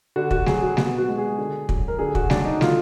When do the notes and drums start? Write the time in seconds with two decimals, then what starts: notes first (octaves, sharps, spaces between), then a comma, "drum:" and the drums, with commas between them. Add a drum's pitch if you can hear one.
0.16 D3 F#4
0.31 F#4, drum: kick
0.46 F#3 G#4, drum: snare
0.62 F#4
0.77 B2 F#4, drum: snare
0.98 F#4
1.08 G#3
1.18 G#4
1.38 D3
1.69 F#3, drum: kick
1.88 A#4
1.99 D3 G#4
2.15 F#4, drum: kick
2.30 F#3 D4, drum: snare
2.45 D#4
2.61 D3 F4, drum: snare